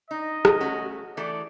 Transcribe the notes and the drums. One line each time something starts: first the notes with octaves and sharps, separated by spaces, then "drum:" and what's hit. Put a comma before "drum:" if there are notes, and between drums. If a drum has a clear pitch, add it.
D#4 D#5
drum: rim click
A3 C#4 F#4
E3 A3 A4 D5